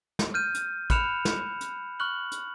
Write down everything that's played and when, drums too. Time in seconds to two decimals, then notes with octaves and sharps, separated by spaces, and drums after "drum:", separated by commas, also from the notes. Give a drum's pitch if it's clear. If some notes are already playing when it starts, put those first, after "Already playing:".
0.19 drum: snare
0.34 F6 G6 D#7
0.54 drum: hi-hat
0.90 B5 F6 F#6 C#7 E7 F7, drum: kick, hi-hat
1.25 drum: snare
1.61 drum: hi-hat
2.00 C#6 F6 F#6 F#7
2.32 drum: hi-hat